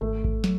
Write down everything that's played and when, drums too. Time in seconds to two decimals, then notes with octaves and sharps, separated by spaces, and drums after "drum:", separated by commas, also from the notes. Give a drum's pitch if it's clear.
0.01 G#1 A3
0.24 drum: kick G#1
0.44 F#3, drum: snare